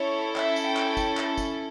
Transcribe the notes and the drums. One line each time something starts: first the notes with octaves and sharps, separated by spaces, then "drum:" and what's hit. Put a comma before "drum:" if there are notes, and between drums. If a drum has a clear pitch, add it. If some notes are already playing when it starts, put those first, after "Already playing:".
Already playing: C#4 E4 A4 C#5
E5, drum: clap
drum: tambourine
G5
drum: clap
drum: kick, tambourine
drum: clap
drum: kick, tambourine